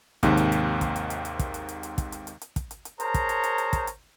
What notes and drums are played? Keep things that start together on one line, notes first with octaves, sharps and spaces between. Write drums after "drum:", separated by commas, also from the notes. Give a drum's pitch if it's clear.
D#2 G#2 C3 D#3, drum: kick, hi-hat
drum: hi-hat
drum: hi-hat
drum: kick, hi-hat
drum: hi-hat
drum: hi-hat
drum: hi-hat
drum: kick, hi-hat
drum: hi-hat
drum: hi-hat
drum: hi-hat
drum: kick, hi-hat
drum: hi-hat
drum: hi-hat
drum: hi-hat
drum: kick, hi-hat
drum: hi-hat
drum: hi-hat
G#4 A#4 C5 C#5 A5 A#5, drum: hi-hat
drum: kick, hi-hat
drum: hi-hat
drum: hi-hat
drum: hi-hat
drum: kick, hi-hat
drum: hi-hat